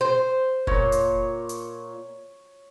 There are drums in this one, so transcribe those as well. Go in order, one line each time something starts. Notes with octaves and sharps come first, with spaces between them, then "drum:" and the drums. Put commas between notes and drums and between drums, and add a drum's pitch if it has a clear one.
C5
A#2 C#5, drum: kick F1
drum: hi-hat
drum: hi-hat